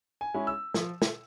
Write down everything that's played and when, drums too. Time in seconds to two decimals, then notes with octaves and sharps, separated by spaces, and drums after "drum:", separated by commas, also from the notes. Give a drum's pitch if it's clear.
0.21 G#5
0.34 G#3 C#4 E4
0.47 E6
0.74 F3, drum: snare
1.02 drum: snare